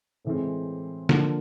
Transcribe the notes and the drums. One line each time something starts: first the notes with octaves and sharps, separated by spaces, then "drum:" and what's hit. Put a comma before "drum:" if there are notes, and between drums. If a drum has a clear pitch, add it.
A2 E3 G#3 C4
D3 F3 A#3, drum: snare